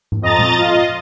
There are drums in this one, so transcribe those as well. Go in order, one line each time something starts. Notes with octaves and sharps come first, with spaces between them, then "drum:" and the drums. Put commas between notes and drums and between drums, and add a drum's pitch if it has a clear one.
drum: tom G#2
F2 D#5 A#5 A6
drum: tom A#2
F4 D#5